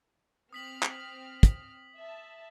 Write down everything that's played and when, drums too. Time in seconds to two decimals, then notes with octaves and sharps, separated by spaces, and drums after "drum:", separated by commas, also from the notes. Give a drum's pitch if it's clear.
0.53 C4 D#6 F6 B6 F#7
0.83 drum: clap
1.43 drum: kick, hi-hat
1.97 E5 A5